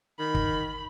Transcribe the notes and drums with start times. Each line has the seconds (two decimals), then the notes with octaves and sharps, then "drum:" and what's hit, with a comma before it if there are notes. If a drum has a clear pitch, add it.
0.19 D#3 B5
0.35 drum: kick